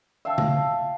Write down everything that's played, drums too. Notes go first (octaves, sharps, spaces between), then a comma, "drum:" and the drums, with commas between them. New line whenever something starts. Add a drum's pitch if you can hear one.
E5 F5 G5 A5
drum: tom C#3